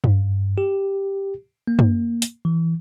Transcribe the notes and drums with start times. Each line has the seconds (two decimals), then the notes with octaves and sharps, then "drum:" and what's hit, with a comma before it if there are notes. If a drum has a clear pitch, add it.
0.04 G2, drum: tom
0.58 G4
1.67 A#3
1.79 drum: tom
2.22 drum: hi-hat
2.45 E3